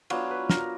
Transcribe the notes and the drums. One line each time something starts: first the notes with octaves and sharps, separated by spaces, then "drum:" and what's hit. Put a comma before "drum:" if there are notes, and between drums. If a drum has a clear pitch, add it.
F#3 B3 D4 F4 C#5, drum: cymbal
B4
A#4, drum: snare